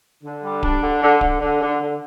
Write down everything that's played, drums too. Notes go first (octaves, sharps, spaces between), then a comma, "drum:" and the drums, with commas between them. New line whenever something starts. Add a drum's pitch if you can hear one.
D3
G3
D4, drum: kick D1
D3
D3
D3, drum: kick D1
D3
D3
D3